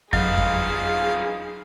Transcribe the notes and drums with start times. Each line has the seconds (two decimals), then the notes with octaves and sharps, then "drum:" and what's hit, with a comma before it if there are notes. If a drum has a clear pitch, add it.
0.13 F#3 D#4 F4 G#4 B4 F5, drum: kick F2
0.38 drum: kick F2